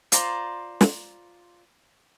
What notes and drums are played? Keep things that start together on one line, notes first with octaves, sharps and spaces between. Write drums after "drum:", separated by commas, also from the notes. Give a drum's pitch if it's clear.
F4 C5 D5 A#5, drum: hi-hat
drum: snare